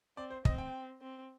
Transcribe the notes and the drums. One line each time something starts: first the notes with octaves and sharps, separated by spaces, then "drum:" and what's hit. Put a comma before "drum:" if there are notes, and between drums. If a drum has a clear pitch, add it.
C4 D5
C5
C4 D#5, drum: kick
G5
C4